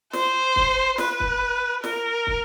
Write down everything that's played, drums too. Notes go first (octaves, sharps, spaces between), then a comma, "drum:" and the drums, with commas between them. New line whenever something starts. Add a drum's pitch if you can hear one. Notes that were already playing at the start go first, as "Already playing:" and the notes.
C5, drum: snare
drum: kick
B4, drum: snare
drum: kick
A#4, drum: snare
drum: kick